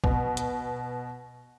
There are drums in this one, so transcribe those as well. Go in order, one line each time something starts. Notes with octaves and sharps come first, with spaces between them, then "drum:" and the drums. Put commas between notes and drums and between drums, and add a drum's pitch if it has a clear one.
B2, drum: kick A#1
drum: hi-hat